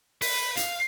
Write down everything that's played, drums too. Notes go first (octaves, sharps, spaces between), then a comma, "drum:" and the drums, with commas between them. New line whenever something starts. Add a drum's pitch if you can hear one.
B4, drum: open hi-hat
F5, drum: hi-hat